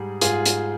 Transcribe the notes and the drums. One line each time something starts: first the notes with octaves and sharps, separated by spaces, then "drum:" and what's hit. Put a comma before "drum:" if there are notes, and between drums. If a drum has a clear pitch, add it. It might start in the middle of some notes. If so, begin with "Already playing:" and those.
Already playing: G#2 G3 G#4
G#2 F4 G#4, drum: hi-hat
drum: hi-hat